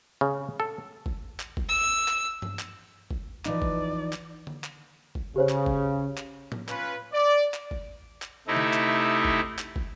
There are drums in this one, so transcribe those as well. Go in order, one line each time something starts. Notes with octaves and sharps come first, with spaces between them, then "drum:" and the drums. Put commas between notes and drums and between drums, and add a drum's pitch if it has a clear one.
C#3
A4
drum: kick
drum: clap
drum: kick
E6
drum: clap
drum: tom G2
drum: clap
drum: kick
E3 F3 D#4 D5, drum: clap
drum: kick
drum: clap
drum: tom D3
drum: clap
drum: kick
C#3 G4 C5 C#5
drum: clap
drum: kick
drum: clap
drum: tom
C#4 F4 B4, drum: clap
D5
drum: clap
drum: kick
drum: clap
C3 A3 D#4 E4
drum: tom D3
drum: clap
drum: kick
drum: clap
drum: kick